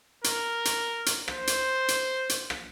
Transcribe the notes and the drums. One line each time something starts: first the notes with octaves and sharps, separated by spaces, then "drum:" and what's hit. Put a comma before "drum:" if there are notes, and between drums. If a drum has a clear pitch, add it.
A#4, drum: hi-hat
drum: hi-hat
drum: hi-hat
C5, drum: rim click
drum: hi-hat
drum: hi-hat
drum: hi-hat
drum: rim click